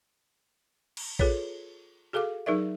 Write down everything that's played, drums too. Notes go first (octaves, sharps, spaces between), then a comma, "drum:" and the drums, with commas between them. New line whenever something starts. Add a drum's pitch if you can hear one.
drum: cymbal
F4 G#4 A4 B4 C#5, drum: kick
F#4 G#4 A4 F5 D6
F#3 D#4 G#4 A#4 D5 E5